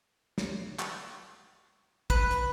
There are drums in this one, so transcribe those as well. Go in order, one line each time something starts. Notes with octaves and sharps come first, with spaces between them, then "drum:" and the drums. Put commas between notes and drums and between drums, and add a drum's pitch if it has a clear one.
drum: snare
drum: clap
B4, drum: kick
drum: hi-hat